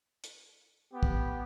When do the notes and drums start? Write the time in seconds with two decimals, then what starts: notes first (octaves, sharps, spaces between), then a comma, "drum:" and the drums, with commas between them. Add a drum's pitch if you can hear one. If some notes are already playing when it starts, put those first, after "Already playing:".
0.24 drum: hi-hat
0.93 B3 G4
1.03 drum: kick